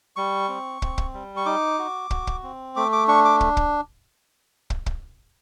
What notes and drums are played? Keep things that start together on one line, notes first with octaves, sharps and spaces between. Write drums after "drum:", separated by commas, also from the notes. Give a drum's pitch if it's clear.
G3 C#6
C4
C4, drum: kick
drum: kick
G3
C#6
D#4 D6
F#4
F#4, drum: kick
drum: kick
C4
A3 D6
D6
D4 C#6
D6
drum: kick
drum: kick
drum: kick
drum: kick